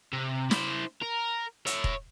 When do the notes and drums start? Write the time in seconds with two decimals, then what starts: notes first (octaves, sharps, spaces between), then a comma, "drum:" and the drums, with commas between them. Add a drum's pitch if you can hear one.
0.13 C3
0.51 E4 C5, drum: snare
1.03 A#4
1.66 C#5 E5, drum: hi-hat
1.84 drum: kick E1